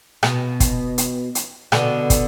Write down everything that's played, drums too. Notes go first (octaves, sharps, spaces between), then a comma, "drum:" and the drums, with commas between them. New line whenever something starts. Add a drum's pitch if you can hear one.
B2, drum: rim click
drum: kick, hi-hat
drum: hi-hat
drum: hi-hat
B2 D3, drum: rim click
drum: kick, hi-hat